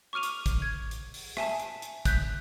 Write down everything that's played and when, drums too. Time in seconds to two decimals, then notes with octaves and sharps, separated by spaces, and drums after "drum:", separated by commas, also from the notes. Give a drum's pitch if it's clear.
0.13 C#6 D6 F6 D#7 F7
0.23 drum: hi-hat
0.46 drum: kick, hi-hat
0.62 G#6
0.91 drum: hi-hat
1.14 drum: open hi-hat
1.37 E5 G#5 A5, drum: rim click
1.60 drum: hi-hat
1.82 drum: hi-hat
2.05 F#6 G6 B6, drum: kick, hi-hat